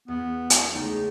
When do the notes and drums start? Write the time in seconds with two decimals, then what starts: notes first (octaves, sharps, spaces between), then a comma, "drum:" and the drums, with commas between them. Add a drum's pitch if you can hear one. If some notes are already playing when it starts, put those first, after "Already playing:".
0.08 E2 B3
0.50 drum: hi-hat
0.74 C#2 A3 D#4